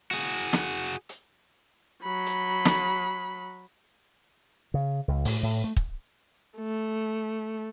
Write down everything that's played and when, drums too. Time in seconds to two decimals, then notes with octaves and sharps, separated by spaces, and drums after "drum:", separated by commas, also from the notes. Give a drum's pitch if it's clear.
0.11 F#4 G#4
0.53 drum: snare
1.09 drum: hi-hat
2.03 F#3 B5
2.27 drum: hi-hat
2.65 drum: snare
4.74 C#3
5.08 C#2
5.25 A2, drum: open hi-hat
5.43 A2
5.64 A3
5.76 drum: kick
6.57 A3